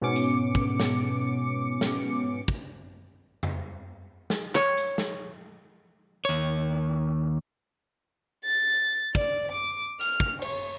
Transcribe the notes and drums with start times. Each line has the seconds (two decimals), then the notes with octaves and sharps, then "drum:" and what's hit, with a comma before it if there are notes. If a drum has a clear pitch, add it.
0.01 G#2 B2 B3 C#4 D6 C#7
0.16 drum: hi-hat
0.55 drum: kick
0.80 drum: snare
1.81 drum: snare
2.48 drum: kick
3.43 drum: tom F2
4.30 drum: snare
4.55 C#5, drum: clap
4.77 drum: hi-hat
4.98 drum: snare
6.25 D#2 C#5
8.45 A6
9.15 D5, drum: kick
9.51 D6
10.01 F6, drum: hi-hat
10.20 drum: kick
10.42 C#5, drum: cymbal